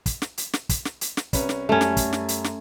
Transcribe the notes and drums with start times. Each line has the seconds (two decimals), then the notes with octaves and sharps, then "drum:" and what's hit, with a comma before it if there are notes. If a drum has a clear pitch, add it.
0.06 drum: kick, hi-hat
0.22 drum: snare
0.38 drum: hi-hat
0.53 drum: snare
0.69 drum: kick, hi-hat
0.85 drum: snare
1.01 drum: hi-hat
1.17 drum: snare
1.33 C2 C#4 B4, drum: kick, hi-hat
1.49 drum: snare
1.69 F#2 G3 A3 C#4
1.81 drum: snare
1.97 drum: kick, hi-hat
2.13 drum: snare
2.28 drum: hi-hat
2.44 drum: snare